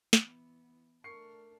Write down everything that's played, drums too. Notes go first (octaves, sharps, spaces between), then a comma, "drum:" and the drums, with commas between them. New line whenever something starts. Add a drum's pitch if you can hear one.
E3 B3, drum: snare
A3 D4 A#4 C#6 C7 C#7